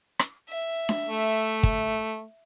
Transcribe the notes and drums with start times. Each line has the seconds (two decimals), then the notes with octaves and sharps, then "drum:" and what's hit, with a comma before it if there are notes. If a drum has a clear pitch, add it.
0.19 drum: rim click
0.49 E5
0.89 drum: snare D4
1.09 A3
1.63 drum: kick